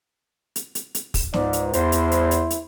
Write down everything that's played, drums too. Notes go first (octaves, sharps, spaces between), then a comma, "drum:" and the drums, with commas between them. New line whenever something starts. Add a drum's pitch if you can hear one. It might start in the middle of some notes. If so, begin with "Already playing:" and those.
drum: hi-hat
drum: hi-hat
drum: hi-hat
drum: kick, open hi-hat
C#2 G#2 D5, drum: snare
drum: hi-hat
E2 E4 C5, drum: hi-hat
drum: hi-hat
drum: hi-hat
drum: hi-hat
drum: hi-hat